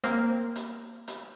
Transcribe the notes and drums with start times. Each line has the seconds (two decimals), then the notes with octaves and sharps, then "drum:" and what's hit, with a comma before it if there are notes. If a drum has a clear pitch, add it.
0.04 A#3 C4, drum: hi-hat
0.56 drum: hi-hat
1.08 drum: hi-hat